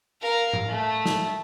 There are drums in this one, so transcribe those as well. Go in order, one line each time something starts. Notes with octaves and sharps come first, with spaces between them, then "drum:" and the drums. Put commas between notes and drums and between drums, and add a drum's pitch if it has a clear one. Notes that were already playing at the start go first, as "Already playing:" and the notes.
A#4 F5
drum: tom A2
A3
drum: snare